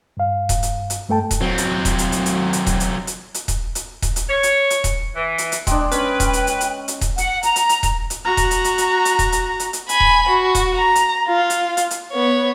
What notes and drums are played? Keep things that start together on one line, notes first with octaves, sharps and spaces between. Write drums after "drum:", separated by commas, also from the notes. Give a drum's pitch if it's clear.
G2 F5
drum: kick D#1, hi-hat
drum: hi-hat
drum: hi-hat
G2 A3 A4 G5 A5
drum: kick D#1, hi-hat
F#3 C4
drum: hi-hat
drum: kick D#1, hi-hat
drum: hi-hat
drum: hi-hat
drum: hi-hat
drum: hi-hat
drum: kick D#1, hi-hat
drum: hi-hat
drum: hi-hat
drum: hi-hat
drum: kick D#1, hi-hat
drum: hi-hat
drum: kick D#1, hi-hat
drum: hi-hat
C#5
drum: hi-hat
drum: hi-hat
drum: kick D#1, hi-hat
E3
drum: hi-hat
drum: hi-hat
G#3 D4 G5, drum: kick D#1, hi-hat
C#4 B4, drum: hi-hat
drum: kick D#1, hi-hat
drum: hi-hat
drum: hi-hat
drum: hi-hat
drum: hi-hat
drum: kick D#1, hi-hat
F#5, drum: hi-hat
A#5, drum: hi-hat
drum: hi-hat
drum: hi-hat
drum: kick D#1, hi-hat
drum: hi-hat
F#4 A#5
drum: kick D#1, hi-hat
drum: hi-hat
drum: hi-hat
drum: hi-hat
drum: hi-hat
drum: kick D#1, hi-hat
drum: hi-hat
drum: hi-hat
drum: hi-hat
G#5 B5, drum: hi-hat
drum: kick D#1
F#4
drum: kick D#1, hi-hat
A#5
drum: hi-hat
F4
drum: hi-hat
drum: hi-hat
drum: hi-hat
B3 C#5